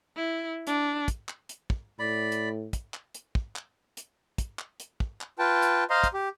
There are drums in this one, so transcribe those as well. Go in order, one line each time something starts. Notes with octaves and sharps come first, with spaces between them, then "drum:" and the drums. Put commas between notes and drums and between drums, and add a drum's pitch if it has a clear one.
E4
D4, drum: hi-hat
drum: kick, hi-hat
drum: clap
drum: hi-hat
drum: kick
A2 D5 B5
drum: hi-hat
drum: kick, hi-hat
drum: clap
drum: hi-hat
drum: kick
drum: clap
drum: hi-hat
drum: kick, hi-hat
drum: clap
drum: hi-hat
drum: kick
drum: clap
F4 B4 G5 A5
drum: hi-hat
C5 D#5 F5 A#5 C6
drum: kick, hi-hat
G4